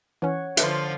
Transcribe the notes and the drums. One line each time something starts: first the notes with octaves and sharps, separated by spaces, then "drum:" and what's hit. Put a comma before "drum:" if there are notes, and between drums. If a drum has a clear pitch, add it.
E3 C#4 C#5 F#5
D3 F3 F4 B4 E5, drum: hi-hat